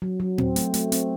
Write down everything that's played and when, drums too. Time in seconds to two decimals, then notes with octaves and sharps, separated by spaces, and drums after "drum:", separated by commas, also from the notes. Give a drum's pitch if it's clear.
0.02 F#3
0.20 F#3
0.38 C4, drum: tom A2
0.56 A3, drum: hi-hat
0.74 A3, drum: hi-hat
0.92 C4, drum: hi-hat